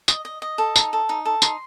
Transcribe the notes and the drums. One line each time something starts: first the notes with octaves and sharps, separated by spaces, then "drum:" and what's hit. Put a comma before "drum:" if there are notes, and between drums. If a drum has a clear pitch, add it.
D#5, drum: tambourine
D#5
D#5
A4
D#4, drum: tambourine
A4
D#4
A4
D#4 C6, drum: tambourine